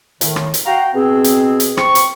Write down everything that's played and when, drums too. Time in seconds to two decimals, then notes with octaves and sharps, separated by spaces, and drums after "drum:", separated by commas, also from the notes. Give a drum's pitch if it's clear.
0.21 A2 D#3, drum: hi-hat
0.36 drum: rim click
0.54 drum: hi-hat
0.66 F#4 F5 G5 A#5
0.95 B2 C4 G#4
1.24 drum: hi-hat
1.60 drum: hi-hat
1.77 C4 C#6, drum: rim click
1.95 drum: hi-hat